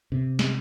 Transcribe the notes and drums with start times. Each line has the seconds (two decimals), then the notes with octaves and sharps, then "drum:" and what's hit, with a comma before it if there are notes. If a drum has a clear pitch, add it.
0.12 C3
0.39 drum: snare